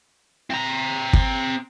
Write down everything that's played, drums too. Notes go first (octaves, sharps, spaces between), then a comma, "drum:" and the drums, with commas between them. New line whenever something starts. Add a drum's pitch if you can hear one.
C4 A#5
drum: kick